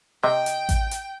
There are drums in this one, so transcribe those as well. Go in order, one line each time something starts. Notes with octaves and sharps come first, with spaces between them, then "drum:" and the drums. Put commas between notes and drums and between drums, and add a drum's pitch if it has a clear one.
C3 D#5 G5
drum: hi-hat
drum: kick A1, hi-hat
drum: hi-hat